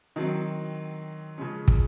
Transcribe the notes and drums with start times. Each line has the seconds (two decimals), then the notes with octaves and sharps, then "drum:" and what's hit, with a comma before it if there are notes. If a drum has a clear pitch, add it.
0.16 D#3 F#3 C4
1.38 C#3 F3 G#3 C#4
1.68 drum: kick